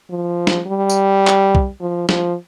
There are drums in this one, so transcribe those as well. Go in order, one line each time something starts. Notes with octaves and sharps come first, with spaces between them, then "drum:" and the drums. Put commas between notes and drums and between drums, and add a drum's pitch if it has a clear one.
F3
drum: snare
G3
drum: tambourine
drum: clap
drum: kick
F3
F3, drum: snare